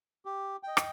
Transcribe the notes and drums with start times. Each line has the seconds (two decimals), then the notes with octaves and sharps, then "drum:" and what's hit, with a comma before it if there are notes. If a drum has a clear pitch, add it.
0.25 G4
0.63 D#5 G5
0.77 drum: rim click